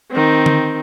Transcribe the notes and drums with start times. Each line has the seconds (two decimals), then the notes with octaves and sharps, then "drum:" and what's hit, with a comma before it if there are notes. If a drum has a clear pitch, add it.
0.11 D#3 C4
0.46 drum: tom D3